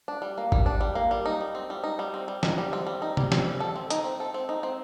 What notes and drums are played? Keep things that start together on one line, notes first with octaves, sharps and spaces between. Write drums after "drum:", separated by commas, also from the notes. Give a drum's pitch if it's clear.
D4
G3
A#3
G3, drum: kick G#1
D4
G3
A#3
G3
D#4
G3
C4
G3
D#4
G3
C4
G3
D#4, drum: snare
G3
C4
G3
D#4
G3, drum: tom C3
C4, drum: snare
G3
A4
C4
D#4, drum: hi-hat
C4
A4
C4
D#4
C4